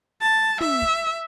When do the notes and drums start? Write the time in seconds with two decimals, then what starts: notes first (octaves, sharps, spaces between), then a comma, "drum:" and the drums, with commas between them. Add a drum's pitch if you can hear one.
0.21 A5
0.61 E5, drum: tom
0.82 drum: kick